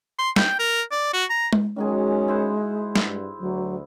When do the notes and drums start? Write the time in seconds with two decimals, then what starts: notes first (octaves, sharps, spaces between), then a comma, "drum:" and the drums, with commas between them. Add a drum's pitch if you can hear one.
0.18 C6
0.36 G5, drum: snare
0.59 A#4
0.91 D5
1.13 F#4
1.30 A#5
1.53 drum: tom G#3
1.76 D#3 F#3 G#3 C#4 G#4
2.28 E4 C5 F#5
2.96 drum: snare
3.06 G2
3.40 D2 F#3